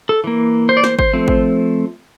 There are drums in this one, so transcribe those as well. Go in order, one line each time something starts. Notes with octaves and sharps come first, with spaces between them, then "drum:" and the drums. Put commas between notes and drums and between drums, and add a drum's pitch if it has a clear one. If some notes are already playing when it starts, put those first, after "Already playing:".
A4
E3 A#3
C5
D5
C5, drum: snare
C5, drum: kick G#1
F3 A3 C4
drum: kick G#1